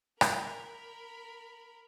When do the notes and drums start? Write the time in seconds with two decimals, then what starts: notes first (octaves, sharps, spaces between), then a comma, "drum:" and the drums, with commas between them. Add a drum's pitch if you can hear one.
0.21 A#4 B5, drum: rim click